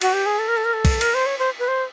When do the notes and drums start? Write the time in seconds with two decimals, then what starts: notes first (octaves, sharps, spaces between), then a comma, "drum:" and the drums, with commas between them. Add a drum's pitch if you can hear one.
0.01 F#4, drum: cymbal
0.13 G4
0.26 G#4
0.39 A4
0.48 A#4
0.57 A4
0.65 A#4
0.73 A4
0.85 drum: kick, cymbal
1.01 A#4, drum: cymbal
1.14 C5
1.26 C#5
1.39 C5
1.59 B4
1.68 C5